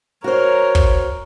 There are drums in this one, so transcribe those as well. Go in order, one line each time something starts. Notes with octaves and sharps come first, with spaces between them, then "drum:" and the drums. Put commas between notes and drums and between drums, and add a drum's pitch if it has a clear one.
F#4 A#4 C5 C#5
drum: kick